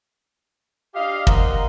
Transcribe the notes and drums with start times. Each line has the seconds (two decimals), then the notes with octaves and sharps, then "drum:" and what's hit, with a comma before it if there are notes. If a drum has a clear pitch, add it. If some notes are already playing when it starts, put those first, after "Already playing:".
0.95 D4 G4 D#5 F5
1.27 A#4 C5 D#5 F5 F#5 A#5, drum: kick